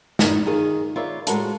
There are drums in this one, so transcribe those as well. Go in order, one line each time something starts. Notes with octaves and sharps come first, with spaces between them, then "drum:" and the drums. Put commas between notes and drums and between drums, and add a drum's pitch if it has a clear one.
G2 A#2 D#3 E3 B3 D#5, drum: snare
D#3 F4 G#4 A#4
F4 A#4 B4 C#5 D5 E5
A2 G#3 F#4 A#4 B4 A5, drum: hi-hat